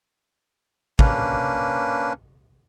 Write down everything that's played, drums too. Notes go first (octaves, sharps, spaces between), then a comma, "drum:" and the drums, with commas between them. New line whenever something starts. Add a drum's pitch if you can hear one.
A#3 C#4 D4 B4, drum: kick